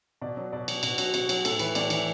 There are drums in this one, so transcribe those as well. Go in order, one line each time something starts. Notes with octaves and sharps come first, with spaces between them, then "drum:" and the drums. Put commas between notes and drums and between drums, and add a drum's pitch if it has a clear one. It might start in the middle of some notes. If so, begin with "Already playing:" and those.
B2 D5
F#3
B2 D5
F#3, drum: cymbal
B2 F#4, drum: cymbal
F#3 F#4, drum: cymbal
B2 F#4, drum: cymbal
F#3, drum: cymbal
A2 A4, drum: cymbal
E3 B4, drum: cymbal
A2 D5, drum: cymbal
E3, drum: cymbal